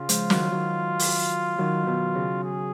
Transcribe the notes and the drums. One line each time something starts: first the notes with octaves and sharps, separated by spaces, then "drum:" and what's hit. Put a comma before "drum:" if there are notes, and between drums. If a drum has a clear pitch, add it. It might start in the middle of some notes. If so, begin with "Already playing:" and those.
Already playing: C#3 F4
F3 G#3, drum: hi-hat
D#3 F#3, drum: snare
D#3 F#3
drum: open hi-hat
D#3 F#3
B2 D#3
C#3
G#4